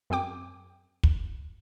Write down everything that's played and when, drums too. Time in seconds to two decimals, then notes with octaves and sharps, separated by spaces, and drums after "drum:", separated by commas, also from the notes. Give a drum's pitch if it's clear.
0.10 F#2 C4 G#4 G5 D6
1.03 drum: kick